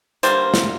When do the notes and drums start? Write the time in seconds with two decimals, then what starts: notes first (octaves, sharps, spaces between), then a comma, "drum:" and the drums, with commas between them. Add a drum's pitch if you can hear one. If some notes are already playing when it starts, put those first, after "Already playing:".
0.23 D3 G3 A#3 C5, drum: hi-hat
0.54 drum: snare